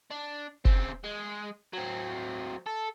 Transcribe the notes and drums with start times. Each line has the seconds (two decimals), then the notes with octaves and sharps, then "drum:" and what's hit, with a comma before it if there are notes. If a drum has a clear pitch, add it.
0.11 D4
0.65 C#3 C4, drum: kick F#1
1.04 G#3
1.73 F#3 C4
2.66 A4